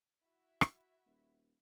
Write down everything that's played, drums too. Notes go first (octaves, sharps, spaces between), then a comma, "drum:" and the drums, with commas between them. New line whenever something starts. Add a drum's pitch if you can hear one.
E4 F#4 E5
drum: rim click
D#1